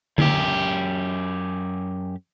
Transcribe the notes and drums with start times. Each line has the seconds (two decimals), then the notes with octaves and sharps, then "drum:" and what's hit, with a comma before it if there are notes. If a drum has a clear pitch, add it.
0.18 F#2 G4, drum: tom D3